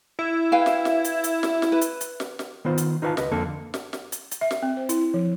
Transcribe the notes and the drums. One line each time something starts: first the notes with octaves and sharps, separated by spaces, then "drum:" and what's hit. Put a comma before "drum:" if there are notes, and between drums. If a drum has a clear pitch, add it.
E4
B4 F5 G5
drum: snare
drum: snare
drum: hi-hat
drum: hi-hat
drum: snare
drum: snare
B4
drum: hi-hat
drum: hi-hat
drum: snare
drum: snare
D#3 B3 F4 C5
drum: hi-hat
D#4 F4 B4 C5 F5 A5
C#2 B4 D#5, drum: snare
F2 D3 A#3 A4
drum: snare
drum: snare
drum: hi-hat
drum: hi-hat
E5
drum: snare
C4
C5
E4, drum: hi-hat
F3